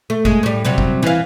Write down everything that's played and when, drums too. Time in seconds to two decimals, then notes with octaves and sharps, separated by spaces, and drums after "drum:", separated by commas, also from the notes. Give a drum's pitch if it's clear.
0.10 A3
0.25 G#3, drum: kick G1
0.43 A2 G3
0.65 C3 F#3 G3
0.78 drum: kick G1
1.03 E3 F5